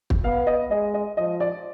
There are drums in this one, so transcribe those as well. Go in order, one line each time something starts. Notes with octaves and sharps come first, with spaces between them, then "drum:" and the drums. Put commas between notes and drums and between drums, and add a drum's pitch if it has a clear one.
drum: kick
B3 F5
D#5
G#3 D#5
D#5
F3 D#5
D5